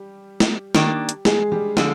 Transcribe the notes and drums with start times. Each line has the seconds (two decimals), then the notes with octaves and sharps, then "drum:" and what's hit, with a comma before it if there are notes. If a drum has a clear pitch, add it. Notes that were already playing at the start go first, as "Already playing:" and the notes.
Already playing: G3 G4
0.40 drum: snare
0.75 D#3 A#3 D4, drum: snare
1.09 drum: hi-hat
1.25 G#3 G#4, drum: snare
1.52 G3 G4
1.77 D3 F3 G#3 G#4, drum: snare